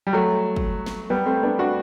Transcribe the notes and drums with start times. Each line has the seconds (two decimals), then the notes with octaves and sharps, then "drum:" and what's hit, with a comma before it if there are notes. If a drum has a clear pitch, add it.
0.07 G3
0.13 F#3 A3
0.56 drum: kick
0.86 drum: snare
1.10 G3 B3
1.26 A3 C4
1.43 B3 D4
1.59 D4 F#4